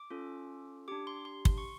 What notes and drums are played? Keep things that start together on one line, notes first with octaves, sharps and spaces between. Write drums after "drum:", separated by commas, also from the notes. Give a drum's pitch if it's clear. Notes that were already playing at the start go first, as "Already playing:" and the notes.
Already playing: D6
C#4 F4 A4
D4 G4 D6
C6
C6
C6, drum: kick
C#6